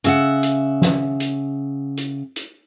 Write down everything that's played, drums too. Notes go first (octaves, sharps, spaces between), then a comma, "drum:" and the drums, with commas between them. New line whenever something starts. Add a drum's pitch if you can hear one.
C#3 E5 F#5, drum: hi-hat
drum: hi-hat
drum: snare
drum: hi-hat
drum: hi-hat
drum: hi-hat